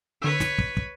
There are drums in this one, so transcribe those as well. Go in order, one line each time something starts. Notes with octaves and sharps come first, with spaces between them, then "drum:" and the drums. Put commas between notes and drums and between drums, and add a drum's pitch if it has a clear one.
D3 B4 C#5 E6
drum: snare
drum: kick
drum: kick